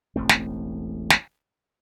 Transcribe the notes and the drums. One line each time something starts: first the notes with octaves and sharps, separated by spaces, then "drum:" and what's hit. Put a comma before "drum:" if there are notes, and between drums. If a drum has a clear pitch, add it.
E1 A1 A3 C4
drum: snare
drum: snare